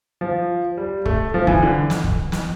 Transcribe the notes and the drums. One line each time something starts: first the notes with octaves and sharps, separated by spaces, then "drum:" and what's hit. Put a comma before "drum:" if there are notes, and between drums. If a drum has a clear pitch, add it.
F3
G3
A3, drum: kick
F3
E3, drum: kick
D3
drum: snare
drum: kick
drum: snare